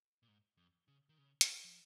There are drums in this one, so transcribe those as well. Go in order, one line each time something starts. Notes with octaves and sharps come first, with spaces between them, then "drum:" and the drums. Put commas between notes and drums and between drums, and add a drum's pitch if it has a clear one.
A#2
G#2
F2
C#3
D#3
C#3
drum: hi-hat
F3